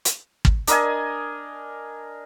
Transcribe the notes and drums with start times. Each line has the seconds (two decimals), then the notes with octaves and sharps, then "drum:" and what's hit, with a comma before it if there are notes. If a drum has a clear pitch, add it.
0.05 drum: hi-hat
0.45 drum: kick
0.67 D4 A#4 D#5 G#5, drum: hi-hat